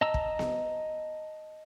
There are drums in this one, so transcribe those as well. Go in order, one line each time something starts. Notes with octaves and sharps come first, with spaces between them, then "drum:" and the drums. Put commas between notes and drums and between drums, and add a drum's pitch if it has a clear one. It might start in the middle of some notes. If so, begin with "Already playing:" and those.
D#5 A5 A#5 E6
drum: kick
drum: snare B3